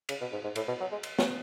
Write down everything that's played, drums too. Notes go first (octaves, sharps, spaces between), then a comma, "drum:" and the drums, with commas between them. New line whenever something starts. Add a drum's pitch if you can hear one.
C#3, drum: cymbal
B2
G#2
G#2
A2, drum: cymbal
B2
F#3
G#3
drum: cymbal
C#4, drum: snare